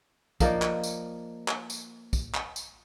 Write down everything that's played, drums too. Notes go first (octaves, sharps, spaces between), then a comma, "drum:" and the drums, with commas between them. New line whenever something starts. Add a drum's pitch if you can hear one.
F3 A#3 D#4 D5, drum: kick B1, tambourine
drum: clap
drum: tambourine
drum: clap
drum: tambourine
drum: kick B1, tambourine
drum: clap
drum: tambourine